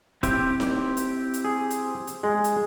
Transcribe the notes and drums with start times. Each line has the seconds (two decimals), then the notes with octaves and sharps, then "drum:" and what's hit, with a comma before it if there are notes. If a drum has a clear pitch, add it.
0.23 C4 E4 G4, drum: kick, hi-hat
0.60 drum: snare D#4
0.97 drum: hi-hat
1.34 drum: hi-hat
1.44 G#4
1.70 drum: hi-hat
2.07 drum: hi-hat
2.23 G#3
2.44 drum: hi-hat